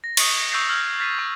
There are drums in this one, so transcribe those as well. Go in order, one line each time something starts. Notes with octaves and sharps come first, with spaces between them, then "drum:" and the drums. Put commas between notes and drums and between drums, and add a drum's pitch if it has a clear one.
A#6
C#6 D#6, drum: cymbal
C#6 E6 G6 A6 C7
D#6 F6 G6 G#6
F6 A6 B6 C7 D#7
C#6